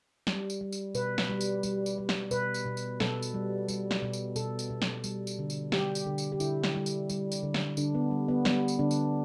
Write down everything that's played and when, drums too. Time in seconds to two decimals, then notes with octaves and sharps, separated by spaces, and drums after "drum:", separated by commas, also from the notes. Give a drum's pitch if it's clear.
0.27 G3, drum: snare
0.50 drum: tambourine
0.61 G3
0.72 drum: tambourine
0.95 B2 B4, drum: tambourine
1.18 drum: snare
1.30 G3
1.41 drum: tambourine
1.63 G3, drum: tambourine
1.86 drum: tambourine
1.98 G3
2.09 drum: snare
2.31 B2 B4, drum: tambourine
2.54 drum: tambourine
2.66 B2
2.77 drum: tambourine
3.00 B2 A4, drum: snare
3.23 drum: tambourine
3.34 G3
3.68 G3, drum: tambourine
3.91 drum: snare
4.02 B2
4.13 drum: tambourine
4.36 B2 A4, drum: tambourine
4.59 drum: tambourine
4.70 B2
4.82 drum: snare
5.04 G3, drum: tambourine
5.27 drum: tambourine
5.39 D3
5.50 drum: tambourine
5.72 G3 G4, drum: snare
5.95 drum: tambourine
6.06 D3
6.18 drum: tambourine
6.32 G4
6.40 D3 E4, drum: tambourine
6.63 drum: snare
6.75 G3
6.86 drum: tambourine
7.10 G3, drum: tambourine
7.32 drum: tambourine
7.43 D3
7.54 drum: snare
7.77 D3 D4, drum: tambourine
7.95 B3
8.11 G3
8.28 B3
8.45 G3 B3, drum: snare
8.68 drum: tambourine
8.79 D3 D4
8.91 drum: tambourine